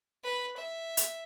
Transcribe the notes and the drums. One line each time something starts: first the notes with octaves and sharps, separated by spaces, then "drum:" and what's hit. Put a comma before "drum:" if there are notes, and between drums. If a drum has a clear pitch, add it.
B4
E5
drum: hi-hat